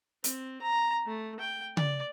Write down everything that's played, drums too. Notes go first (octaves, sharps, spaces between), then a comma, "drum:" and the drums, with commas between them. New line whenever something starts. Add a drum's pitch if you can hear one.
C4, drum: hi-hat
A#5
A3
G5
D5, drum: tom C#3